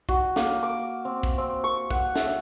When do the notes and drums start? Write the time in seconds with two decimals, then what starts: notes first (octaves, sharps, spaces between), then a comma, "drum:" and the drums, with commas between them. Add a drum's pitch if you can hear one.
0.09 F#4, drum: kick
0.36 A#3, drum: snare
0.63 D6
1.05 C4
1.23 drum: kick
1.38 C4
1.64 C#6
1.91 F#5, drum: kick
2.15 E5, drum: snare